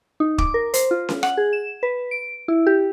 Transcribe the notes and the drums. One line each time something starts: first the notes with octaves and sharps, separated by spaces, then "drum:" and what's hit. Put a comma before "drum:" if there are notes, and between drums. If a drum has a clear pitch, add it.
D#4
D6, drum: kick
A#4
C5, drum: hi-hat
F4
drum: snare
F#5, drum: rim click
G#4
E7
B4
D7
E4
G4